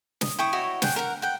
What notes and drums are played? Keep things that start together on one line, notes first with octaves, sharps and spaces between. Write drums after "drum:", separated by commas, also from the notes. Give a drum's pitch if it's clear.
D#6, drum: snare
E4 G5 C#6 D#6
E4 F#4 C#5 D#5
G#4 F#5 G5, drum: snare
A#4 F#5
F#5 G5